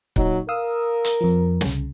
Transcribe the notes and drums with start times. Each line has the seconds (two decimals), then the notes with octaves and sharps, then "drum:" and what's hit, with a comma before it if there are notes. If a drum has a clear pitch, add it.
0.16 A#2 F#3 D#4, drum: kick C#1
0.49 A#4 F5 D#6 E6
1.05 drum: hi-hat
1.20 F2 F3
1.61 C2 C#3, drum: snare